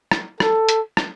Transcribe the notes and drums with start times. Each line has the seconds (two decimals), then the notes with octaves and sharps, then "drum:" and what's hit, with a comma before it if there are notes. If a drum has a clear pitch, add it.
0.12 drum: rim click
0.40 A4, drum: rim click
0.69 drum: hi-hat
0.97 drum: rim click